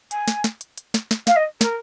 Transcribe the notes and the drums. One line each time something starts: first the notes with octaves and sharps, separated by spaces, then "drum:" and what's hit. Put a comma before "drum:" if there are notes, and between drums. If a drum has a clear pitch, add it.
G#5, drum: hi-hat
drum: snare
drum: snare
drum: hi-hat
drum: hi-hat
drum: snare
drum: snare
F5, drum: snare
D#5
A#4, drum: snare